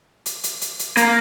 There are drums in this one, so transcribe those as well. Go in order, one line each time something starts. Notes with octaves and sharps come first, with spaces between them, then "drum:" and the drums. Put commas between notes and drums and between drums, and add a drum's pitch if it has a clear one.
drum: hi-hat
drum: hi-hat
drum: hi-hat
drum: hi-hat
A#3, drum: hi-hat